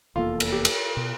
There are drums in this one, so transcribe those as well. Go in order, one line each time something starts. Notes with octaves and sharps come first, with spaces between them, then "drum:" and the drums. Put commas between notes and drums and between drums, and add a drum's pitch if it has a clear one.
F1 E2 A#3 F4 A4
drum: cymbal
G4
drum: cymbal
B2